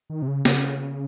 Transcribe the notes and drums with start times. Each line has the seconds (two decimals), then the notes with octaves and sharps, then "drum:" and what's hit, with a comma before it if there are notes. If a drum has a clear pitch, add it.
0.10 D#3
0.22 C3
0.28 C#3
0.45 C#3, drum: snare